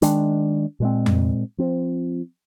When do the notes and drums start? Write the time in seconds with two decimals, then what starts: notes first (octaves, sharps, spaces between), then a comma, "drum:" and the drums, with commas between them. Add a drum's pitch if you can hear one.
0.02 D#3 G#3 D4, drum: hi-hat
0.80 A#2 G#3 C4
1.06 drum: tom F2
1.58 F3 C4